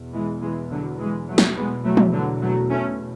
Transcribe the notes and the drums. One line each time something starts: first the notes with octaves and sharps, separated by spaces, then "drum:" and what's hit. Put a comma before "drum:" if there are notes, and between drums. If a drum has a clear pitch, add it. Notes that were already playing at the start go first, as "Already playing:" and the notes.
Already playing: E2 B2
E3 G#3
E3 G#3
D3 F#3
E3 G#3
F#3 A3
drum: snare
E2 B2 G#3 B3
F#3 A3
drum: tom
D3 F#3
F#3 A3
A3 C#4